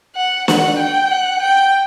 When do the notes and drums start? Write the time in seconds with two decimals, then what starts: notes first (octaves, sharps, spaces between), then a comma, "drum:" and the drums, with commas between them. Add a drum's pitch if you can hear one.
0.16 F#5
0.48 F#5, drum: snare
0.79 G5
1.11 F#5
1.43 G5